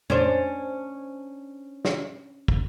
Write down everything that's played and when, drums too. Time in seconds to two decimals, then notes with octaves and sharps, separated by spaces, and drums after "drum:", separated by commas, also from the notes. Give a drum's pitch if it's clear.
0.10 C#4 D4 C5, drum: tom
1.85 drum: snare
2.48 drum: kick